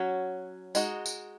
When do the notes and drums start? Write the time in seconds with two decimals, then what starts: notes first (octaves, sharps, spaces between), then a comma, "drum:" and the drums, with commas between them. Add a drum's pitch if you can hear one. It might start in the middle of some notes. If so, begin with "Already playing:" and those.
Already playing: F#3 C#4 F#4
0.75 G#3 D#4 F#4, drum: tambourine
1.06 drum: tambourine